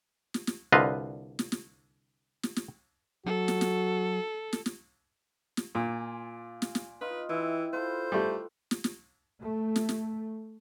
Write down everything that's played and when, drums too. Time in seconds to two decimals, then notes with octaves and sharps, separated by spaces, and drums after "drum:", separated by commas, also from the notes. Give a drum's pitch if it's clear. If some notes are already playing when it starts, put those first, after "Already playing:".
0.34 drum: snare
0.47 drum: snare
0.72 C2 D3 F4 B4 D#5
1.39 drum: snare
1.52 drum: snare
2.43 drum: snare
2.56 drum: snare
3.26 F#3 F#4 A4
3.48 drum: snare
3.61 drum: snare
4.53 drum: snare
4.66 drum: snare
5.57 drum: snare
5.75 A#2 F4 D5 G#5
6.62 drum: snare
6.75 drum: snare
7.01 D#4 F4 B4
7.29 E3 E4 G5
7.73 F4 A4 B4 C5
8.12 G3 A3
8.71 drum: snare
8.84 drum: snare
9.42 A3
9.76 drum: snare
9.89 drum: snare